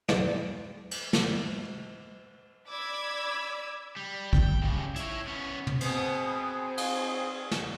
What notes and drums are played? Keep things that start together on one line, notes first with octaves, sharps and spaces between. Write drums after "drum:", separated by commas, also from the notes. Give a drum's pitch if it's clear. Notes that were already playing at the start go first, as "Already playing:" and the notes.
B1 E2 D5, drum: snare
drum: cymbal
drum: snare
D5 B5 D6 E6 G#6
G3
G5, drum: kick
C#3 G3
E4 C#5, drum: hi-hat
B3 C#4
drum: tom
B2 B3 C4 G#4, drum: cymbal
drum: cymbal
drum: snare